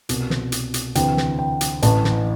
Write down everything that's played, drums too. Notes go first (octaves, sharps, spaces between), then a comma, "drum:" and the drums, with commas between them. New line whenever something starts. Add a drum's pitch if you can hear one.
C2 B2, drum: hi-hat
drum: snare
drum: hi-hat
drum: hi-hat
D2 C3 E3 G5, drum: hi-hat
drum: snare
G5
drum: hi-hat
A1 A2 E3 A5, drum: hi-hat
drum: snare